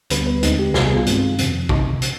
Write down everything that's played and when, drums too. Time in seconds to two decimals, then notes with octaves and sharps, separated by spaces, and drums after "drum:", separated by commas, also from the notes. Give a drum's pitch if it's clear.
0.10 D2 D3 G3 B3 B4, drum: hi-hat
0.27 B4
0.43 D#2 D3 G#3 C4 D#4, drum: hi-hat
0.59 G4
0.74 C2 C3 G3 B3 G#4, drum: snare
0.85 G#4
0.96 F4
1.06 G2 D#3 G#3 C4, drum: hi-hat
1.38 F2 C3 F3 C4, drum: hi-hat
1.69 C3 D#4, drum: kick
2.02 drum: hi-hat